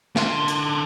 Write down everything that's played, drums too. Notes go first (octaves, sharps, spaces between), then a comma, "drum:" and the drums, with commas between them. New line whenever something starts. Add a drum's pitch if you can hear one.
D3 C6, drum: snare
drum: hi-hat